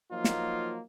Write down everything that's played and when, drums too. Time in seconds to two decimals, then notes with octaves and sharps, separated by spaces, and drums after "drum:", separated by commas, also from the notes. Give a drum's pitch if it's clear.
0.11 F3 F#3 A#3 D#4 F4
0.24 drum: snare